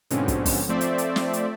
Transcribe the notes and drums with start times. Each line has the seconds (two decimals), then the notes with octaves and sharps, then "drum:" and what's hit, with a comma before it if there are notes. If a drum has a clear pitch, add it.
0.10 G#2 B2 D3 F3 C4 C#4, drum: hi-hat
0.28 drum: kick, hi-hat
0.46 drum: kick, open hi-hat
0.68 F3 A3 C4 C5 D5 E5
0.81 drum: hi-hat
0.98 drum: hi-hat
1.16 drum: snare
1.33 drum: hi-hat